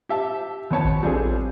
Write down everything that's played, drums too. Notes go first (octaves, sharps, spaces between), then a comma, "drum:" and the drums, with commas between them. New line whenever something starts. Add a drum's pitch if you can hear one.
G4 E5 A5
D#2 B3 C#5 A5
drum: kick A1
G3 C4 D4 F4 G#4 A4